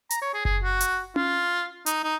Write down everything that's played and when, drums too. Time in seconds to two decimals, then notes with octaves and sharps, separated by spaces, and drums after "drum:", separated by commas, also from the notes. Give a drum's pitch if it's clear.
0.10 A#5, drum: hi-hat
0.22 C#5
0.34 G#4
0.45 G#4, drum: kick F#1
0.63 F#4
0.80 drum: hi-hat
1.16 F4, drum: tom C#4
1.86 D#4, drum: hi-hat
2.04 D#4